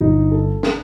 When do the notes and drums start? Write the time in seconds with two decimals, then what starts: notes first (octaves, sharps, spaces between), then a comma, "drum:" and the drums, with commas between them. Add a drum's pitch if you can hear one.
0.01 G1 D#4
0.32 A4
0.63 drum: snare